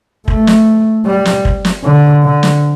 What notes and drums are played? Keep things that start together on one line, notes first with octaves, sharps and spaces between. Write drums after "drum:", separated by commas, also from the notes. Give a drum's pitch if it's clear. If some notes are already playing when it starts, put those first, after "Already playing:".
A3, drum: kick
drum: snare
G3
drum: snare
drum: kick
drum: snare
D3
D3
drum: snare